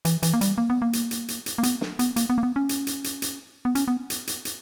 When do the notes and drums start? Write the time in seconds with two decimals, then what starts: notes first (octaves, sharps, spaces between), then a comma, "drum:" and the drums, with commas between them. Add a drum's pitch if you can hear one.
0.05 E3, drum: hi-hat
0.23 E3, drum: hi-hat
0.33 A#3
0.41 G3, drum: hi-hat
0.58 A#3
0.70 B3
0.82 A#3
0.93 drum: hi-hat
1.11 drum: hi-hat
1.28 drum: hi-hat
1.46 drum: hi-hat
1.58 A#3
1.63 B3, drum: hi-hat
1.81 drum: snare
1.99 B3, drum: hi-hat
2.16 A#3, drum: hi-hat
2.30 B3
2.38 A#3
2.43 B3
2.56 C#4
2.69 drum: hi-hat
2.87 drum: hi-hat
3.04 drum: hi-hat
3.22 drum: hi-hat
3.65 B3
3.75 C#4, drum: hi-hat
3.88 B3
4.10 drum: hi-hat
4.27 drum: hi-hat
4.45 drum: hi-hat